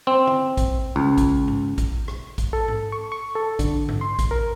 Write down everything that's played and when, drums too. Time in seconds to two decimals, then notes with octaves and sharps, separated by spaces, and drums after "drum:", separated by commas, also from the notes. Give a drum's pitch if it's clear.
0.07 C4
0.27 drum: tom
0.57 drum: kick, hi-hat
0.96 C#2
1.18 drum: kick, hi-hat
1.48 drum: tom G#2
1.78 drum: kick, hi-hat
2.08 drum: rim click
2.38 drum: kick, hi-hat
2.53 A4
2.68 drum: tom G#2
2.92 C#6
3.12 C#6
3.35 A4
3.59 D3, drum: kick, hi-hat
3.89 drum: tom G#2
4.01 C6
4.19 drum: kick, hi-hat
4.31 A#4